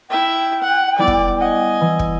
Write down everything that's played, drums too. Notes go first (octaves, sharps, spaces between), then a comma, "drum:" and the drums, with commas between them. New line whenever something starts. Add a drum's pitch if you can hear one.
E4 E5 G5
F#5
G3 B3 E4 D5
drum: kick
D#5 F#5 G#5
E3
drum: kick